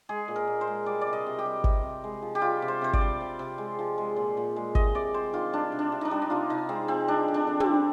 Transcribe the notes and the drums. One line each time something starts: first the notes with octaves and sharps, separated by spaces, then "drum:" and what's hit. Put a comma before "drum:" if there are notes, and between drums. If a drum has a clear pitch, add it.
G#3 G#4
A#2
A#4
A#2
C5
G#3
G3 D5
D5
C3
D#5
C3
G4
G3
C3, drum: kick G1
C3
G#3
F3
G4
G3 F4
C3
C5
C3 C5
D5, drum: kick G1
G3
C3
C3
G#3
F3
G#3
A#2
A#2
G#3
C3 D#5, drum: kick G1
C3 D5
G3 C5
D#3 F4
G3 D4
C3
D4
C3
D4 D#4
G3
D#4
C3 F4
C3 D#4
G#3 C4
F3 C4
G3 D4
D3
D4
D3
C4, drum: tom
G3